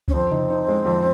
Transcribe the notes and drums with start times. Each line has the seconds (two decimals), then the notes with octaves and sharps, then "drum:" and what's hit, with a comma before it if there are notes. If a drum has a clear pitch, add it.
0.08 C#4, drum: kick C#2
0.14 F2 C4
0.31 D#4, drum: tom C3
0.50 D#4
0.68 G#3
0.86 F2